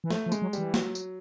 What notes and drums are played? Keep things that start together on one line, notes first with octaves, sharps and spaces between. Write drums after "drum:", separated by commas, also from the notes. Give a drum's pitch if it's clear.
E3
F3 A3, drum: snare A#3
F3
G#3, drum: tambourine
F#3
E3 G3, drum: tambourine
F#3, drum: snare A#3
drum: tambourine